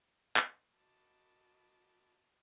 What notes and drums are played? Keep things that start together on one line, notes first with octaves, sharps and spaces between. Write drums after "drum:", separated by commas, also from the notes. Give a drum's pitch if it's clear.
drum: clap
F#4 A#4 D#5 A5 B5 D6